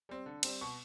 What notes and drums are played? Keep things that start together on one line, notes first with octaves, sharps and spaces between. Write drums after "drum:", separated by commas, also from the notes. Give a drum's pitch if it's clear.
G3 C4
D3
G3 C4, drum: cymbal
B2 C#6